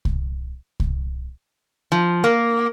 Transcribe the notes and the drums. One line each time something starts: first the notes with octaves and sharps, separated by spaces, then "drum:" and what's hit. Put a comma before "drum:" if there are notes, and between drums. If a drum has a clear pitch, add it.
drum: kick C2
drum: kick C2
F3
A#3